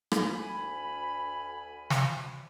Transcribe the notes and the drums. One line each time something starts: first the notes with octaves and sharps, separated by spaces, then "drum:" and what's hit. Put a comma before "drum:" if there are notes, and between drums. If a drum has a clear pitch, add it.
drum: rim click
D2 G#5 B5
drum: snare